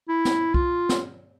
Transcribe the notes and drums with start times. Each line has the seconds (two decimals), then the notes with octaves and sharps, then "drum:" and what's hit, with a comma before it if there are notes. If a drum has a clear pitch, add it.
0.09 E4
0.25 drum: snare
0.54 F4, drum: kick
0.89 drum: snare